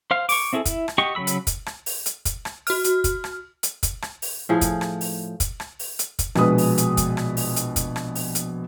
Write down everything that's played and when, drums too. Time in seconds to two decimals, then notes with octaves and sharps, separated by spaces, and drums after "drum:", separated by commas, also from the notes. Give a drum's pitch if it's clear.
0.11 C5 F5 F6
0.29 C#6 D6, drum: open hi-hat
0.53 C4 E4 G#4 A4
0.66 E4, drum: kick, hi-hat
0.88 drum: rim click
0.98 F#4 G4 D#5 C#6
1.15 C#3 F#3 A3 B5 E6
1.27 drum: hi-hat
1.47 drum: kick, hi-hat
1.66 drum: rim click
1.86 drum: open hi-hat
2.06 drum: hi-hat
2.25 drum: kick, hi-hat
2.45 drum: rim click
2.67 F#4 F6, drum: open hi-hat
2.84 drum: hi-hat
3.04 drum: kick, hi-hat
3.24 drum: rim click
3.63 drum: hi-hat
3.83 drum: kick, hi-hat
4.02 drum: rim click
4.22 drum: open hi-hat
4.49 A2 F3 G#4
4.61 drum: kick, hi-hat
4.81 drum: rim click
5.01 drum: open hi-hat
5.40 drum: kick, hi-hat
5.60 drum: rim click
5.79 drum: open hi-hat
5.99 drum: hi-hat
6.19 drum: kick, hi-hat
6.35 A#1 B2 G#3 B4 D#6, drum: rim click
6.58 drum: open hi-hat
6.78 drum: hi-hat
6.97 drum: kick, hi-hat
7.17 drum: rim click
7.37 drum: open hi-hat
7.56 drum: hi-hat
7.76 drum: kick, hi-hat
7.96 drum: rim click
8.15 drum: open hi-hat
8.35 drum: hi-hat